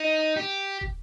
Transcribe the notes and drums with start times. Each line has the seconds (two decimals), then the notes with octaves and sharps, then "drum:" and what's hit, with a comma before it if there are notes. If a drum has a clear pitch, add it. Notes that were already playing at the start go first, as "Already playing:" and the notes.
Already playing: D#4
0.37 G4
0.81 drum: kick